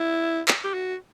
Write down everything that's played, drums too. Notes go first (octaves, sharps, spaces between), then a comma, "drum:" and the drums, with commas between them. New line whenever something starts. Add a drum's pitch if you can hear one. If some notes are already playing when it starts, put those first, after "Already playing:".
Already playing: E4
drum: clap
G4
F#4